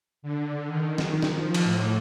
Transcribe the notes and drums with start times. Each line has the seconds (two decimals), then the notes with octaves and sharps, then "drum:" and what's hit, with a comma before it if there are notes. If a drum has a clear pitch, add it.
0.22 D3
0.67 D#3
0.98 drum: snare
1.23 drum: snare
1.32 F3
1.54 drum: cymbal
1.64 A2